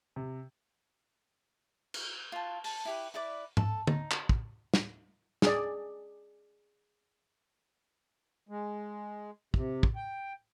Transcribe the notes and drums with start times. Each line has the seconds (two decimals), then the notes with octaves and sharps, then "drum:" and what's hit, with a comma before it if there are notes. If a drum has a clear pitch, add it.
0.16 C3
1.94 drum: cymbal
2.32 F4 A5
2.64 A5, drum: open hi-hat
2.85 E4 G4 B4
3.14 E4 B4 D5 D6
3.57 A4, drum: tom G#2
3.87 D#4, drum: tom
4.11 drum: clap
4.29 drum: kick
4.74 drum: snare
5.42 G#4 D5, drum: snare
8.49 G#3
9.54 C3, drum: kick
9.83 drum: kick
9.96 G5